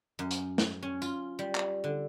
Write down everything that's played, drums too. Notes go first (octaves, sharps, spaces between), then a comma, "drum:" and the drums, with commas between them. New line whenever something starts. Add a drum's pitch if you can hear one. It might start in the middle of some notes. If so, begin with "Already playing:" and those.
F#2
drum: hi-hat
drum: snare
C#4
F4, drum: tambourine
G3
drum: clap
D3